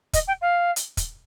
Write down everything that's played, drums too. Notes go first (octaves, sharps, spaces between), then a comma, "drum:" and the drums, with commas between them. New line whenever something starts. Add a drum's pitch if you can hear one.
D#5, drum: kick, hi-hat
G5
F5
drum: hi-hat
drum: kick, hi-hat